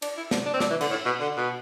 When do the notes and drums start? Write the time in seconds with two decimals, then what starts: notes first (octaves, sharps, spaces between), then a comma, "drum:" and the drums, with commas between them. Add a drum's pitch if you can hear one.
0.02 D4, drum: cymbal
0.17 E4
0.31 D4, drum: snare
0.46 D4
0.54 C4
0.60 D4, drum: snare
0.71 E3
0.81 D3, drum: cymbal
0.91 A2
1.05 B2
1.20 D3
1.37 B2